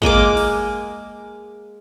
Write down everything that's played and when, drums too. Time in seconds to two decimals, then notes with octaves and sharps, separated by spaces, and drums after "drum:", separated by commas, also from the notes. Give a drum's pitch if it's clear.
0.02 G#3 A#3 G#5 D6, drum: kick
0.37 drum: open hi-hat